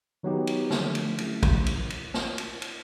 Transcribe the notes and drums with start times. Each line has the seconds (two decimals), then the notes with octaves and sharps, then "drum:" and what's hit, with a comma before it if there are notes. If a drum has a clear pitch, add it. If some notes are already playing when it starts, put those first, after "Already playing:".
0.23 D#3 F#3 B3 D#4 G4
0.47 drum: cymbal
0.71 D3 F3 A3, drum: snare
0.95 drum: cymbal
1.18 F#3 A3 C#4 E4 G4, drum: cymbal
1.43 drum: kick, cymbal
1.66 drum: cymbal
1.90 drum: cymbal
2.14 drum: snare
2.38 drum: cymbal
2.62 drum: cymbal